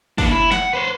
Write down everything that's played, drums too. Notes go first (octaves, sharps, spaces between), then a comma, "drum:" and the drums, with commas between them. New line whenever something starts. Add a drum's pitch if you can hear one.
A#3 D4, drum: kick, open hi-hat
E4
F#5, drum: snare
B4 C5